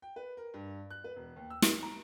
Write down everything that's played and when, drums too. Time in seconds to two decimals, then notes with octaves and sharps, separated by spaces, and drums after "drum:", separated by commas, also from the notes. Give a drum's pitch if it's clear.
0.02 G5
0.16 B4
0.37 A#4
0.54 G2
0.90 F#6
1.04 B4
1.16 E1
1.36 D#2
1.50 E6
1.62 D7, drum: snare
1.83 A#5